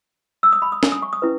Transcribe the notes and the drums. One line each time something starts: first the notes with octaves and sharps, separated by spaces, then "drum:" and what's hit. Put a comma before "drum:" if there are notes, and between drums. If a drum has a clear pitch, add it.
E6
D#6
B5
D#6
G#5, drum: snare
D#6
C#6
D#6
C#4 E4 B4